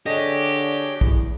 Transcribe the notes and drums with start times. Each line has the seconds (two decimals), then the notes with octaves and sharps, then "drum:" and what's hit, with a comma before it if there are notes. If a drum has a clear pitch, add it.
0.06 D3 D4 G4 G#4 C#5 D#5
1.01 E2, drum: kick